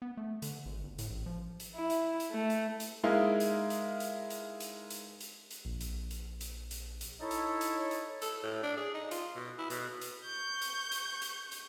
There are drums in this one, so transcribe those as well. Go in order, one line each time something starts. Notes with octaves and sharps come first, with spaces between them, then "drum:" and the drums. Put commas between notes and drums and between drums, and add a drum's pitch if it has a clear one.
B3
A3
D3, drum: hi-hat
G#1
G1
A2, drum: hi-hat
A1
F3
drum: hi-hat
E4
drum: hi-hat
drum: hi-hat
A3
drum: hi-hat
drum: hi-hat
G#3 D#4 E4 A#4 F5
drum: hi-hat
drum: hi-hat
drum: hi-hat
drum: hi-hat
drum: hi-hat
drum: hi-hat
drum: hi-hat
drum: hi-hat
A#1
drum: hi-hat
drum: hi-hat
drum: hi-hat
drum: hi-hat
drum: hi-hat
D#4 E4 A4 C#5
drum: hi-hat
drum: hi-hat
drum: hi-hat
A4, drum: hi-hat
A2
D4
G#4
D#4
F4, drum: hi-hat
B2
E4
B2, drum: hi-hat
drum: hi-hat
C#6 G6
drum: hi-hat
drum: hi-hat
drum: hi-hat
drum: hi-hat